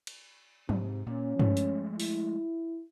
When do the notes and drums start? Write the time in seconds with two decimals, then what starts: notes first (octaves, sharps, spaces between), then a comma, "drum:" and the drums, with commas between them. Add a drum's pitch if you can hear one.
0.07 drum: cymbal
0.69 G#2 C3, drum: tom F3
1.06 A#2 C#4
1.40 F3 G#3 A3, drum: tom G2
1.57 drum: hi-hat
2.00 E4, drum: open hi-hat